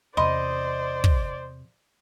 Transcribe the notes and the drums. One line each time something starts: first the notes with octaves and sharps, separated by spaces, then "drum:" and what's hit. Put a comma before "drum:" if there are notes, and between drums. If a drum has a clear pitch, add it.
E2 C3 C5 D5 D#5 B5 C6
drum: kick